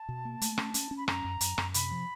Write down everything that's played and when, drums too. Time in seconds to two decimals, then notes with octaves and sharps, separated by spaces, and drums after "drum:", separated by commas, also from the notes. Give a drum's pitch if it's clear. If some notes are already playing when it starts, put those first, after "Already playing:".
Already playing: A5
0.09 B2
0.25 A#3
0.41 A3, drum: hi-hat
0.58 C#4, drum: rim click
0.74 C#4, drum: hi-hat
0.91 C#4
0.97 B5
1.08 F#2 A#5, drum: rim click
1.25 F#2
1.41 F#2, drum: hi-hat
1.58 F#2, drum: rim click
1.74 C3 B5, drum: hi-hat
1.91 F3